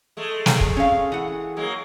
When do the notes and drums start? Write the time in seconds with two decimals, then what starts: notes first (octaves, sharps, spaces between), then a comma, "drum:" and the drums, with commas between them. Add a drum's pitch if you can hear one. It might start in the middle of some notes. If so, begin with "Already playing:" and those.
0.17 G#3 A3
0.46 drum: snare
0.61 drum: kick
0.76 C#4 F5
1.12 E3 F#5
1.56 F#3 G#3 A#3